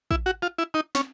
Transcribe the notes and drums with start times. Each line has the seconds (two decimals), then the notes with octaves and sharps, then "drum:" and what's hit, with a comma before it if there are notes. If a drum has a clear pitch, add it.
0.11 E4, drum: kick
0.26 F#4
0.42 F4
0.58 E4
0.74 D#4
0.95 C#4, drum: snare